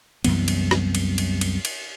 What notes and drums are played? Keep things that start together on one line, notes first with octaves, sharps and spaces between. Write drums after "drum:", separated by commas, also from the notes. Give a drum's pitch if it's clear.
C2 F#2 E3 B3, drum: cymbal
drum: cymbal
drum: rim click
drum: cymbal
drum: cymbal
drum: cymbal
drum: cymbal